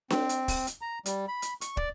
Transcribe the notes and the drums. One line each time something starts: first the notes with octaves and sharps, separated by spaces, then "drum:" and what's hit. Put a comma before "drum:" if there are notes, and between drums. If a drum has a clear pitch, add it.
C4, drum: snare D4
drum: hi-hat
drum: kick, open hi-hat
drum: hi-hat
A#5
G3, drum: hi-hat
B5
drum: hi-hat
C#6, drum: hi-hat
D5, drum: kick